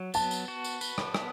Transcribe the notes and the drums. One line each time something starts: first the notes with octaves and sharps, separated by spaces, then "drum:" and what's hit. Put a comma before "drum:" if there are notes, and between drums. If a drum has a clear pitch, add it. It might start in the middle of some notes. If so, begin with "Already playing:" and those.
Already playing: F#3
B3 A5, drum: tambourine
drum: tambourine
F#4
drum: tambourine
B4, drum: tambourine
drum: rim click
B3, drum: rim click